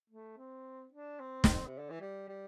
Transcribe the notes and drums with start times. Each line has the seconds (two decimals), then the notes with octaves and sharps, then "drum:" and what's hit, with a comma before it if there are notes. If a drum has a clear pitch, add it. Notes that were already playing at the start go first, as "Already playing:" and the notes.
0.10 A3
0.37 C4
0.92 D4
1.20 C4
1.44 drum: snare
1.67 C3
1.78 D3
1.90 E3
2.01 G3
2.28 G3